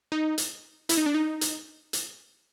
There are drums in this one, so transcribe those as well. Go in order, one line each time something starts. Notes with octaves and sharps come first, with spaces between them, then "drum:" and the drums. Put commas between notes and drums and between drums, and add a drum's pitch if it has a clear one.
D#4
drum: hi-hat
E4, drum: hi-hat
D#4
D4
D#4
drum: hi-hat
drum: hi-hat